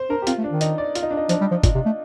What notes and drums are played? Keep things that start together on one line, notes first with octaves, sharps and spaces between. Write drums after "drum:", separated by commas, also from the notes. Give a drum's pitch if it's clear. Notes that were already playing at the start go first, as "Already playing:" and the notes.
Already playing: C5
D4 A#4
G4
C4 F4, drum: hi-hat
A3
D4
D#3
D#4, drum: hi-hat
D5
F4, drum: hi-hat
D#4
D4
D#4
F3 D4, drum: hi-hat
G3
F3
A#2, drum: kick, hi-hat
C3
A3